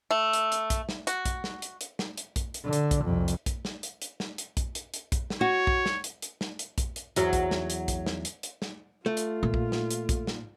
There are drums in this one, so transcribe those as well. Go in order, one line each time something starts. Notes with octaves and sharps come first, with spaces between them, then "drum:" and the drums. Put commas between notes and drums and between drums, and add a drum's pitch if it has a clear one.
A3
drum: hi-hat
drum: hi-hat
drum: kick A#1, hi-hat
drum: snare
F#4, drum: hi-hat
drum: kick A#1, hi-hat
drum: snare
drum: hi-hat
drum: hi-hat
drum: snare
drum: hi-hat
drum: kick A#1, hi-hat
drum: hi-hat
D3
drum: hi-hat
drum: kick A#1, hi-hat
C2 F2
drum: hi-hat
drum: kick A#1, hi-hat
drum: snare
drum: hi-hat
drum: hi-hat
drum: snare
drum: hi-hat
drum: kick A#1, hi-hat
drum: hi-hat
drum: hi-hat
drum: kick A#1, hi-hat
drum: snare
F#4 C#5
drum: kick A#1
drum: snare
drum: hi-hat
drum: hi-hat
drum: snare
drum: hi-hat
drum: kick A#1, hi-hat
drum: hi-hat
E2 F#3, drum: hi-hat
drum: kick A#1, hi-hat
drum: snare
drum: hi-hat
drum: kick A#1, hi-hat
drum: snare
drum: hi-hat
drum: hi-hat
drum: snare
A3 F4
drum: hi-hat
A#2
drum: kick A#1
drum: snare
drum: hi-hat
drum: kick A#1, hi-hat
drum: snare